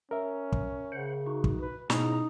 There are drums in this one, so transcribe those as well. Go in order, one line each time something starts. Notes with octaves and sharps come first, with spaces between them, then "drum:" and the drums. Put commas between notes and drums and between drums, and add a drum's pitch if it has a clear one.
C#4 A#4 E5
drum: kick
C#3 C5 F#5
D#4 F#4
drum: kick
B4
G#2 B2 C#4 D#4 E4 A#5, drum: snare